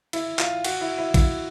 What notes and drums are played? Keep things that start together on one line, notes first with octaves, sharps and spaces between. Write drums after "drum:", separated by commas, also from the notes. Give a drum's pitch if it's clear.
E4, drum: cymbal
F4, drum: clap
F#4, drum: cymbal
E4
E4
E4, drum: kick B1, cymbal